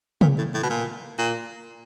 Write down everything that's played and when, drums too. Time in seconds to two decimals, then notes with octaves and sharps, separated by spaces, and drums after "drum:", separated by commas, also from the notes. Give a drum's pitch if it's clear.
0.21 A#2, drum: tom
0.38 A2
0.54 A2
0.63 B2
0.70 A#2
1.18 A#2